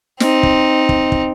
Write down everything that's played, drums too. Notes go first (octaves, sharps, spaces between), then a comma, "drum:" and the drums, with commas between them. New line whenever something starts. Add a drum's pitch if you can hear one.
C4 D#4, drum: snare
drum: kick
drum: kick
drum: kick